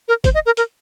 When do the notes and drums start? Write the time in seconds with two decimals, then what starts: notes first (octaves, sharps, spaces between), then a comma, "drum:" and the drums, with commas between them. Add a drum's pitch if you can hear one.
0.08 A#4
0.24 C5, drum: kick, hi-hat
0.34 D#5
0.46 A#4
0.57 A#4, drum: hi-hat